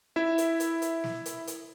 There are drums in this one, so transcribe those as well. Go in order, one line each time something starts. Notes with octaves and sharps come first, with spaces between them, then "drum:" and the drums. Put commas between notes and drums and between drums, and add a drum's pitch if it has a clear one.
E4 E5
drum: hi-hat
drum: hi-hat
drum: hi-hat
drum: snare
drum: hi-hat
drum: hi-hat